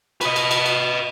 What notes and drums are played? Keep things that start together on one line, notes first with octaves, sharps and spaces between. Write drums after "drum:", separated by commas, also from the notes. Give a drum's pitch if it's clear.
B4 D#5, drum: cymbal
drum: cymbal
drum: cymbal
drum: cymbal